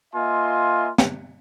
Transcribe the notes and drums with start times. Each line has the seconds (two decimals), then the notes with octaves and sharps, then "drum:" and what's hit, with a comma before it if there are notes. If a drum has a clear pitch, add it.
0.14 A#3 F4 D#5 E5 G#5 C6
0.98 drum: snare